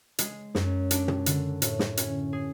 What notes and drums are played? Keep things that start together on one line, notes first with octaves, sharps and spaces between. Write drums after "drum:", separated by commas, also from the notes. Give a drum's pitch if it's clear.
G#3, drum: hi-hat
F#2, drum: snare
D4, drum: hi-hat
drum: tom
D3, drum: hi-hat
A2, drum: hi-hat
drum: snare
C#4, drum: hi-hat
G#4